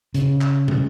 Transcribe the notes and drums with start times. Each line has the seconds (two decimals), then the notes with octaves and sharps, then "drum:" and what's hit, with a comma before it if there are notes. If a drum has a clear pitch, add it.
0.14 C#3, drum: hi-hat
0.41 drum: clap
0.68 drum: tom